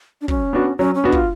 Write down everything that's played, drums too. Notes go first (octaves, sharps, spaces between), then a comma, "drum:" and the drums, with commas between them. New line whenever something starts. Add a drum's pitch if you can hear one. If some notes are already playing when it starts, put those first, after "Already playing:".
D4
F#3 C#4, drum: kick
B3 D4 F#4
F#3 C#4
C#4
B3 D4 F#4
F4, drum: kick